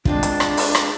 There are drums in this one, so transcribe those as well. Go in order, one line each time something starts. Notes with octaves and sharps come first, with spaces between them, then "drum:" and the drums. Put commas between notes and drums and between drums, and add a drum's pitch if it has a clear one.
G#3 C4 D4 F4, drum: kick
drum: hi-hat
drum: rim click
drum: open hi-hat
drum: rim click